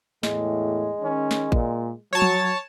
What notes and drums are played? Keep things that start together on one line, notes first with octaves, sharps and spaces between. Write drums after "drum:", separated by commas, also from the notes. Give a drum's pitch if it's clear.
E2 A2 G#3, drum: snare
D#3 C#4
drum: snare
A#2, drum: kick A1
F#3 C#5 A5
drum: tom F3